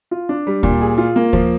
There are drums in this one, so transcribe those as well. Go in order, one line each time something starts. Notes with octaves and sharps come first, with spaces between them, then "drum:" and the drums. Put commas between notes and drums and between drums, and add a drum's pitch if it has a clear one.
F4
D4
G3
A#2, drum: kick D2
G#4
F4
A#3
F3, drum: kick D2